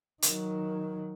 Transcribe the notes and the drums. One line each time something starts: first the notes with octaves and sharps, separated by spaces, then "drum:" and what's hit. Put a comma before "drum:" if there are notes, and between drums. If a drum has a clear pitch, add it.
D#3 F#3, drum: hi-hat